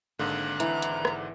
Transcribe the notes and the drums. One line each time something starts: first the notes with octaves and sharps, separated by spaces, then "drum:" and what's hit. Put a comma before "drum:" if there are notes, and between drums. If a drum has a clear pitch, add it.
G#1 G#2 D3 A#3 F#6
E3 A#5, drum: hi-hat
drum: hi-hat
drum: rim click